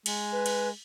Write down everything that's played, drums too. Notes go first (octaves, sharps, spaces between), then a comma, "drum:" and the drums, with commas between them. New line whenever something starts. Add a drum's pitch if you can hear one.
G#3, drum: cymbal
B4
drum: cymbal